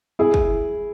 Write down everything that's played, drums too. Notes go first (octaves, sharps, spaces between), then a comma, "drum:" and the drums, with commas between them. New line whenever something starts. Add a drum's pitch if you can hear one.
E4 G#4
drum: kick